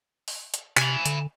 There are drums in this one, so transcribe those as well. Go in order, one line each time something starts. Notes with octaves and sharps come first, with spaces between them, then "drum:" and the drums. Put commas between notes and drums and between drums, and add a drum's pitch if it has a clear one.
drum: open hi-hat
drum: hi-hat
C3 G#5 B5, drum: clap
D3, drum: hi-hat